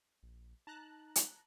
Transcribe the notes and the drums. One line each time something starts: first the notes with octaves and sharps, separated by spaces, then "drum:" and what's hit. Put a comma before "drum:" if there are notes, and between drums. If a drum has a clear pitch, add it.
A#1
D#4 A5 A#5 F#6
drum: hi-hat